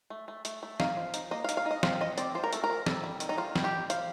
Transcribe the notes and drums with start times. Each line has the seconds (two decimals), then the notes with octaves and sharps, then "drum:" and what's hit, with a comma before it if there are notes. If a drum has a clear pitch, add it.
0.10 A3
0.28 A3
0.45 A3, drum: hi-hat
0.63 A3
0.80 D#4 F5, drum: snare
0.97 F3
1.14 D#4, drum: hi-hat
1.31 A#3 D#5
1.44 F5
1.49 D#4, drum: hi-hat
1.57 F5
1.65 D#4
1.71 D#5
1.83 C4 F5, drum: snare
2.01 C4 D#5
2.18 C4 D5, drum: hi-hat
2.35 F3 C5
2.44 A#4
2.53 A3 A4, drum: hi-hat
2.64 A#4
2.70 F3
2.86 G3 A4, drum: snare
3.04 G3
3.20 D#3, drum: hi-hat
3.29 D#4
3.38 D#3 F4
3.56 G3, drum: snare
3.64 G4
3.73 G3
3.90 C4 F5, drum: hi-hat